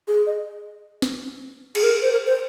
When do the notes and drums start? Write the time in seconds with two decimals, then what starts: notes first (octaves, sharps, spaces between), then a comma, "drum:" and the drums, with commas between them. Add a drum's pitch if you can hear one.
0.08 G#4
0.26 D#5
1.02 drum: snare
1.75 G#4, drum: cymbal
1.83 A#4
2.02 C5
2.12 A#4
2.26 C5